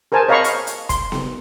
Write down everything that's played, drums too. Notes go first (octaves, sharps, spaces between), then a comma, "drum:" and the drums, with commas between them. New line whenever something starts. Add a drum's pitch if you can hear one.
G#4 A#4 C5 G#5 A5
C#5 D#5 F5 A#5 B5 C#6
drum: hi-hat
drum: hi-hat
C6, drum: kick, hi-hat
drum: snare B3